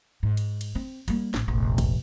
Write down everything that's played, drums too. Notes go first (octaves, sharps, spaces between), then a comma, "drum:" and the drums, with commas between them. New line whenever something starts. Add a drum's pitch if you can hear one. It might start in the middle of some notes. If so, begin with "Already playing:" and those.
G#2
drum: cymbal
drum: cymbal
C4
G3 A#3, drum: cymbal
A1, drum: snare
E1 A1
drum: kick, cymbal